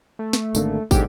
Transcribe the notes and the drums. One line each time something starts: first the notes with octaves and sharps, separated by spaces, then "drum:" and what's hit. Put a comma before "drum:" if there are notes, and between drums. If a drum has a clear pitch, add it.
A3
drum: snare
G#1 D3 A#3, drum: tambourine
B1 G#2 D3 G4, drum: kick, tambourine